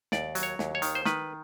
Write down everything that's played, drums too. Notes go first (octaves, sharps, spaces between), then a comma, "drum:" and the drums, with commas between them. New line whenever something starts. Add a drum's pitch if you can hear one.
D#2 D5, drum: snare
F#3, drum: hi-hat
C#5
D#2, drum: snare
C#5
D#3, drum: hi-hat
C5
D#3 B4, drum: snare